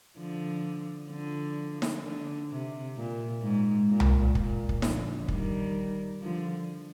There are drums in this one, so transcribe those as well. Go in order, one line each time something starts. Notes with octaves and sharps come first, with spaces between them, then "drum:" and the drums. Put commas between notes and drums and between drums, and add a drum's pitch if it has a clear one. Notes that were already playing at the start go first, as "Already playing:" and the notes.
D3 F3
D3 F3
drum: snare D#4
D3
C3
A#2
G#2
A#2
drum: tom C2
A#2, drum: kick
drum: kick
D3 F3, drum: snare D#4
D#3 G3, drum: kick
D3 F3